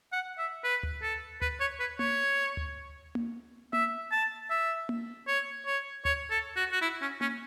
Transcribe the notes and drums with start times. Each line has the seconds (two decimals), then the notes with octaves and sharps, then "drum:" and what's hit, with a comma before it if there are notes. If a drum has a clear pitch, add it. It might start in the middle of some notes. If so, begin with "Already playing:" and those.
0.12 F#5
0.38 E5
0.64 B4
0.83 drum: tom D2
1.02 A4
1.42 B4, drum: tom D2
1.60 C#5
1.80 B4
1.99 C#5, drum: tom A#3
2.57 drum: tom D2
3.15 drum: tom A#3
3.73 E5, drum: tom A#3
4.12 A5
4.50 E5
4.89 drum: tom A#3
5.27 C#5
5.66 C#5
6.05 C#5, drum: tom D2
6.30 A4
6.56 F#4
6.72 F#4
6.82 E4
7.01 C#4
7.21 C#4, drum: tom A#3